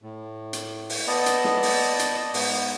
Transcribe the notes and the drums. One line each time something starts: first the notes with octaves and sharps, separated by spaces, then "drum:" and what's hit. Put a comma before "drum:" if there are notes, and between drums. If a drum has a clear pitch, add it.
A2
drum: hi-hat
drum: open hi-hat
B3 D5 D#5 A5
drum: hi-hat
drum: snare
drum: open hi-hat
drum: hi-hat
G#2 B3, drum: open hi-hat